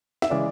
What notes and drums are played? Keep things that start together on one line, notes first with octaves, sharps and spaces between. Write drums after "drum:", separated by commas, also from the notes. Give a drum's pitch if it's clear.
E5, drum: snare
C#3 E3 G#3 C#4 D5